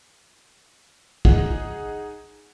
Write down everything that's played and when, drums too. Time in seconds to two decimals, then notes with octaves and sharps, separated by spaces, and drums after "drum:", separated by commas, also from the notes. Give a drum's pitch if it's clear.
1.25 D#4 G#4 F#5, drum: kick